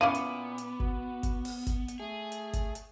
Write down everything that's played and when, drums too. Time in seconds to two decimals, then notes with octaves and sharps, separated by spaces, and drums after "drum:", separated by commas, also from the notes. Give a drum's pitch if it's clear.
0.01 A#2 B3 C#4 E4 F5 D6 D#7
0.15 drum: hi-hat
0.58 drum: hi-hat
0.80 F#4, drum: kick G1
1.23 drum: kick G1, hi-hat
1.45 drum: open hi-hat
1.67 drum: kick G1, hi-hat
1.88 drum: hi-hat
2.00 A3 G#4
2.32 drum: hi-hat
2.53 drum: kick G1, hi-hat
2.75 drum: hi-hat